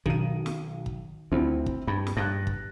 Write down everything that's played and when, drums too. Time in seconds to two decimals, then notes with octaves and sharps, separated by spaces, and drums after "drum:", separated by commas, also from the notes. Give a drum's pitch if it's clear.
0.06 B1 D#3 D#7, drum: kick
0.46 drum: snare
0.86 drum: kick
1.32 D2 C4 E4 F4
1.66 drum: kick
1.87 G2 B5
2.07 drum: snare
2.17 G2 F#6 A6 A#6
2.47 drum: kick